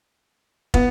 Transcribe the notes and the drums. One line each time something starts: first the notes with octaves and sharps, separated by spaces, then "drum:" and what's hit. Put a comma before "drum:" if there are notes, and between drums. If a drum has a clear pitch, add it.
B3, drum: kick